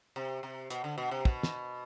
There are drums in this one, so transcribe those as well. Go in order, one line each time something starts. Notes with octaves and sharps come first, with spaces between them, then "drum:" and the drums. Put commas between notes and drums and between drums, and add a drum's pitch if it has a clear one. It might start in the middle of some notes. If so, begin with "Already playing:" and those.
C3
C3
B2, drum: hi-hat
D3
B2
C3
B2, drum: kick
drum: snare